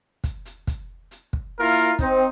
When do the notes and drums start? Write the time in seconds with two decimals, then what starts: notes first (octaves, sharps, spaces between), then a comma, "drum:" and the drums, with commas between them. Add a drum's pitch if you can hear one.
0.24 drum: kick, hi-hat
0.46 drum: hi-hat
0.67 drum: kick, hi-hat
1.11 drum: hi-hat
1.33 drum: kick
1.59 A#3 E4 F4 A#4
1.77 drum: hi-hat
1.99 C4 D#4, drum: kick, hi-hat